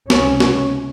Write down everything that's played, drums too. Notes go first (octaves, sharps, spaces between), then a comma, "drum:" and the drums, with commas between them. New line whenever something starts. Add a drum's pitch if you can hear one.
C#2 C3 C#4, drum: snare
drum: snare